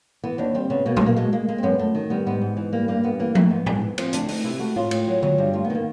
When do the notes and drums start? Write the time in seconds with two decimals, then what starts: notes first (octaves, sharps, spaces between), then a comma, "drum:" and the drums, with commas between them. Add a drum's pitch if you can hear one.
0.24 E3 B3
0.38 D#2 D4
0.54 G3 C4
0.70 C#3 B3
0.86 B2 A#3
0.97 A3, drum: tom A#2
1.01 B2
1.06 A#3
1.17 G#3 A3
1.33 G#3 A#3
1.48 G#3 A#3
1.58 C4
1.63 F#2 B3
1.79 F#2 A3
1.95 D#3
2.10 G3 B3
2.26 G#2 B3
2.41 G#2
2.57 E3
2.73 G3 A#3
2.88 G2 A#3
3.03 G2 B3
3.19 E3 A#3
3.35 A3 A#3, drum: tom F3
3.50 G#2 B3
3.66 G#2, drum: tom A2
3.81 E3
3.98 F3 C4, drum: cymbal
4.13 D2 D4, drum: hi-hat
4.28 A3 D#4, drum: open hi-hat
4.44 C3 E4
4.59 A3 F#4
4.76 A2 F4
4.91 A2, drum: cymbal
5.08 F#3
5.22 F#3, drum: tom D3
5.38 G2
5.53 A3 F4
5.65 B3
5.70 D#3 A#3